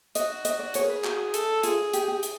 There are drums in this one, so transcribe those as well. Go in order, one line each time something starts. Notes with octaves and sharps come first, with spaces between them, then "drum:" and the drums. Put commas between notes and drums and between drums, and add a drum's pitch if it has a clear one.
F#4 D#5, drum: hi-hat
D#5, drum: hi-hat
D5
G#4 C#5, drum: hi-hat
A#4
B4
F#4, drum: clap
A4, drum: hi-hat
F4 G#4, drum: hi-hat
G4, drum: hi-hat
G4
drum: hi-hat